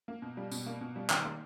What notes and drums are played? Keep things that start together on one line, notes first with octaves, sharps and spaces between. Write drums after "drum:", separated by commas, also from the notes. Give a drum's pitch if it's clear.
A#3
B2
G3
B2, drum: tambourine
A#3
B2
G3
D#3 D6, drum: clap
A#3 C6